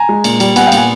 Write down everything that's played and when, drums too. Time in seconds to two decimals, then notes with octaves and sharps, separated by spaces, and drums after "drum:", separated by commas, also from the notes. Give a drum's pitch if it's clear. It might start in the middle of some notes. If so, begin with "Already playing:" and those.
Already playing: G#5 A#5
0.09 G#3
0.24 A#2, drum: cymbal
0.40 G3, drum: cymbal
0.56 B3 F#5 G#5, drum: cymbal
0.67 F5 G5
0.72 A#2, drum: cymbal
0.77 F#5 G#5